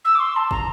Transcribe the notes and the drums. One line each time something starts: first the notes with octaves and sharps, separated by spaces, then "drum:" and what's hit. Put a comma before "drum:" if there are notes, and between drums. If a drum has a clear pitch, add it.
E6
D6
C6
A5
A#5, drum: kick